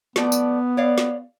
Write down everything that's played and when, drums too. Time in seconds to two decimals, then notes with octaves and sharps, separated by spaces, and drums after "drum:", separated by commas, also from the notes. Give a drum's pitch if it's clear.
0.16 F3 A3 B3 D5, drum: snare
0.32 drum: tambourine
0.77 C#5 D5 F5
0.98 drum: snare